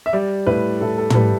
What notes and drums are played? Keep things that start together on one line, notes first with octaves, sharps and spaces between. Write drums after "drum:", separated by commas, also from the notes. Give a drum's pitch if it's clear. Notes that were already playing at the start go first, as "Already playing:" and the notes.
E5
G3 D5
A2 B4
A2 A4
A4
A4, drum: tom
G3 B4